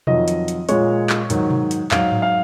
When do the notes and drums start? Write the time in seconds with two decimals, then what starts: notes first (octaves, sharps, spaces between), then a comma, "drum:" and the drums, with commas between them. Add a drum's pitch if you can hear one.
0.07 F2 D#3 F#3 D#5, drum: tom B2
0.28 drum: hi-hat
0.48 drum: hi-hat
0.69 A#2 G#3 C#5, drum: hi-hat
1.10 drum: clap
1.30 G#2 D#3 F#3, drum: hi-hat
1.50 drum: tom B2
1.71 drum: hi-hat
1.91 G#2 F#3 F5, drum: clap
2.12 drum: tom G#2
2.22 F5